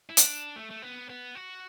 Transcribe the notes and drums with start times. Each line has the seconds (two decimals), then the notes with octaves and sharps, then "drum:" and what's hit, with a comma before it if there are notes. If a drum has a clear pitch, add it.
0.09 E4
0.17 D4, drum: hi-hat
0.56 A3
0.71 A3
0.82 B3
1.10 B3
1.35 F#4